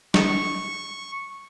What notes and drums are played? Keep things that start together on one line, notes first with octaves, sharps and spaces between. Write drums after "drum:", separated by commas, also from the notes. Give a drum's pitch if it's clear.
C#6, drum: snare